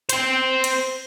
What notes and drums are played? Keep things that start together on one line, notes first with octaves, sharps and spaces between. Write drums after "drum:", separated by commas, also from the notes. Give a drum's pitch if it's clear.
C5 G5, drum: hi-hat
drum: cymbal